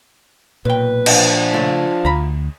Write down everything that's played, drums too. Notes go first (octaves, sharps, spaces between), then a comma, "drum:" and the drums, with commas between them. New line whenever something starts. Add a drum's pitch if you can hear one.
B1 A#2 B4 G5
F3 D4 A5, drum: cymbal
C#3 A3 F4
D2 A#5 B5